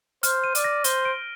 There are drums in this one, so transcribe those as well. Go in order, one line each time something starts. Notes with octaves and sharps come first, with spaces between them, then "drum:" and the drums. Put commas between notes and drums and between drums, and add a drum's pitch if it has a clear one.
C5 F6, drum: hi-hat
D#7
D5, drum: hi-hat
A#6
C5 G7, drum: hi-hat
D7